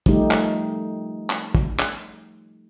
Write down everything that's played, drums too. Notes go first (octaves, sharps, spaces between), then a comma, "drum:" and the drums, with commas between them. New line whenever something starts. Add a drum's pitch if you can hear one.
F3 G3 A3 D#4 G4, drum: kick
drum: clap
drum: clap
drum: kick
drum: clap